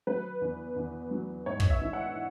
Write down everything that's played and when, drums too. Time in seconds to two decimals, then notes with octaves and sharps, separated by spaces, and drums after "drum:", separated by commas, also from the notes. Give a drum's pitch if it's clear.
0.07 F#3 B4
0.41 E2
0.76 E2
1.11 F#3
1.46 G#2 C#5
1.60 drum: kick
1.70 E5
1.81 E3
1.93 F#5